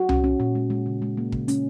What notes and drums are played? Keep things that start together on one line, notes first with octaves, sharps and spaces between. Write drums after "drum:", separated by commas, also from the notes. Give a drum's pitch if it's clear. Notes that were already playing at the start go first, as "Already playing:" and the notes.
Already playing: F#4
C#4, drum: tom C2
C#4
A#2
G#3
G#3
C#3
G#3
A#3
C#3, drum: kick
C#4, drum: hi-hat